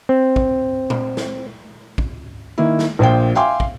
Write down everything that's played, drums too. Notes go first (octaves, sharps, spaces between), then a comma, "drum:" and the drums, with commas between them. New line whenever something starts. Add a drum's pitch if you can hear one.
C4
drum: kick
drum: tom A#2
drum: snare
drum: kick
D#3 A#3 E4
drum: snare
A#1 A#2 C5 G5
E5 F5 G5 G#5 C6 D6
drum: kick